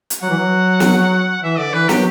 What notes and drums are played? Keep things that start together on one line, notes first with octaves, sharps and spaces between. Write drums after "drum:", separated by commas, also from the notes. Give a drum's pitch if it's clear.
drum: hi-hat
F#3 F#5
E3
F#3
drum: snare
E3 E5
D3 D5
E3 B4
F#3 G4, drum: snare